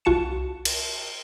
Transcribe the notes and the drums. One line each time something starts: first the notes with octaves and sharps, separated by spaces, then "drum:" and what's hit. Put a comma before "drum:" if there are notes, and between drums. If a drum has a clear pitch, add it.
C2 F4 F#4 A5 C#7 E7
drum: cymbal